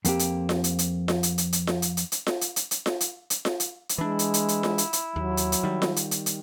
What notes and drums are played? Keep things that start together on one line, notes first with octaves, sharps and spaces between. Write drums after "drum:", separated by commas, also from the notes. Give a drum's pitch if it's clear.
F2 A#3 C4 G4, drum: hi-hat
drum: hi-hat
drum: snare F4
drum: hi-hat
drum: hi-hat
drum: snare F4
drum: hi-hat
drum: hi-hat
drum: hi-hat
drum: snare F4
drum: hi-hat
drum: hi-hat
drum: hi-hat
drum: snare F4
drum: hi-hat
drum: hi-hat
drum: hi-hat
drum: snare F4
drum: hi-hat
drum: hi-hat
drum: snare F4
drum: hi-hat
drum: hi-hat
E3 G#3 D4 E4
drum: hi-hat
drum: hi-hat
drum: hi-hat
drum: snare F4
drum: hi-hat
drum: hi-hat
D#2 F#3
drum: hi-hat
drum: hi-hat
D#3 G3
drum: snare F4
drum: hi-hat
drum: hi-hat
drum: hi-hat